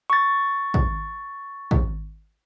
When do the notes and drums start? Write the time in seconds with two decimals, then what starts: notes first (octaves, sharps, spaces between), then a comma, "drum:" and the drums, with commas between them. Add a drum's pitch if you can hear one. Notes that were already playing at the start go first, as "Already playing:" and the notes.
0.10 C#6 A6
0.74 drum: kick
1.71 drum: kick